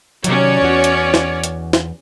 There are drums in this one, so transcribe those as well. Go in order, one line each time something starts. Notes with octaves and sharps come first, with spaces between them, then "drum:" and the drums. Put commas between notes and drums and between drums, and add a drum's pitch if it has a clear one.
C3 D#3 F#3 C#4 C#5 D5, drum: hi-hat
E2 F#4
drum: hi-hat
drum: snare
drum: hi-hat
drum: snare